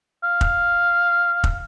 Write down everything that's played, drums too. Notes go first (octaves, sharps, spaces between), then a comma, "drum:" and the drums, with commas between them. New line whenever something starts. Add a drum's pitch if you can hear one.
F5
drum: kick
drum: kick